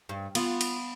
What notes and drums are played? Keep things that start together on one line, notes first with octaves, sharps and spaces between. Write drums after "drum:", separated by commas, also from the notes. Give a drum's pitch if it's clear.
G2
B3 F4, drum: cymbal
drum: cymbal